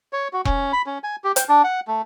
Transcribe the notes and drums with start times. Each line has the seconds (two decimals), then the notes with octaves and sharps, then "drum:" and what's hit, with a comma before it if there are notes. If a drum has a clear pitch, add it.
0.13 C#5
0.33 F#4
0.45 C#4, drum: kick E1
0.73 B5
0.86 C#4
1.04 G#5
1.24 G4
1.36 G5, drum: hi-hat
1.49 D4
1.64 F#5
1.88 A3